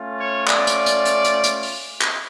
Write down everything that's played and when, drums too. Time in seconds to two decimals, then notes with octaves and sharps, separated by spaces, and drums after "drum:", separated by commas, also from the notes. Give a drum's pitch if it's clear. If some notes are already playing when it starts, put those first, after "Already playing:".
Already playing: A3 C#4 F4
0.19 C#5
0.47 D5, drum: clap
0.67 drum: hi-hat
0.86 drum: hi-hat
1.05 drum: hi-hat
1.24 drum: hi-hat
1.44 drum: hi-hat
1.63 drum: open hi-hat
2.01 drum: clap